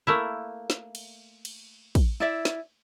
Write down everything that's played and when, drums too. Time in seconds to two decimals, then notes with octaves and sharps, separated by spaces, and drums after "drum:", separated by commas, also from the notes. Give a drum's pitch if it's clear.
0.07 A3 A#3 E4
0.70 drum: snare
0.95 drum: cymbal
1.45 drum: cymbal
1.95 drum: kick, cymbal
2.20 E4 D5 E5
2.45 drum: snare